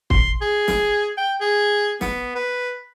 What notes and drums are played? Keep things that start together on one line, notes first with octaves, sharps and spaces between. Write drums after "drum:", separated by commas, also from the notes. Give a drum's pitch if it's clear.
C6, drum: kick
G#4
drum: snare
G5
G#4
B3, drum: snare
B4